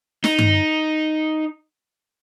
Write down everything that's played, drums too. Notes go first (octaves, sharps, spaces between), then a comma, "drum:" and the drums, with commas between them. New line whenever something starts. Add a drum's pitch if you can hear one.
D#4, drum: snare
drum: tom G2